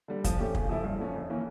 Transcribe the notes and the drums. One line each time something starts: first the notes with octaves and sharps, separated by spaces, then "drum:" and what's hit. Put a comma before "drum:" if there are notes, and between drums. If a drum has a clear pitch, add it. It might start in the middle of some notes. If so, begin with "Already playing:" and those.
D3 G3
F3, drum: kick, hi-hat
A3 C#4 G4
C#3, drum: kick
F3 A3 E4 A4
G2
D3 F3 C#4
F2
E3 A#3 C#4